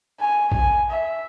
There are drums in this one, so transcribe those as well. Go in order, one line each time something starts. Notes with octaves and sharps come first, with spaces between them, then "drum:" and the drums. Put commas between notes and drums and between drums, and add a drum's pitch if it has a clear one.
G#5
G#5, drum: kick A#1
E5